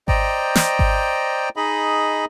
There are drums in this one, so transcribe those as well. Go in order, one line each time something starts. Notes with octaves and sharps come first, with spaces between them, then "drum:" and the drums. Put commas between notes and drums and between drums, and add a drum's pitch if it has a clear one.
C5 D5 D#5 G5 A#5, drum: kick G#1
drum: snare
drum: kick G#1
D#4 G#4 D#5 B5